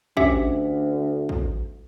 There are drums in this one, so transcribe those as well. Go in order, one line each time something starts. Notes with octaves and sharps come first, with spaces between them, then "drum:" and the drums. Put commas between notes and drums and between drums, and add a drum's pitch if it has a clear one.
D2 C#4 G4 E5, drum: kick
drum: kick